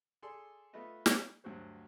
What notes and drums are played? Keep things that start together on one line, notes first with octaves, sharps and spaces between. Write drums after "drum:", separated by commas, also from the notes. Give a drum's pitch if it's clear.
G#4 A4 D5 C6
A3 B3 F4 B4 D#5 E5
drum: snare
D2 G2 F#3 F#4 C5